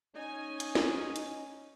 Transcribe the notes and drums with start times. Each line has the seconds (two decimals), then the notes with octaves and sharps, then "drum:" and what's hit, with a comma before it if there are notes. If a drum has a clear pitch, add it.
0.16 C#4 D#4 G#5
0.60 drum: hi-hat
0.75 drum: snare
1.16 drum: hi-hat